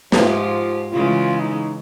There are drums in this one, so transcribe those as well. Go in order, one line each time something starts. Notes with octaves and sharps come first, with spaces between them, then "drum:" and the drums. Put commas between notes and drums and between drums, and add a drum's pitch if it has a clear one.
G#2 F3 F4 G4, drum: snare
C#3 E3 G#3 F4
D#4